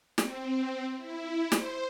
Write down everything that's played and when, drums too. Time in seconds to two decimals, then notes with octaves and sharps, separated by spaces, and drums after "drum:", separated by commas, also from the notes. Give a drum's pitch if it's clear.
0.18 C4, drum: snare
0.97 E4
1.52 C5, drum: snare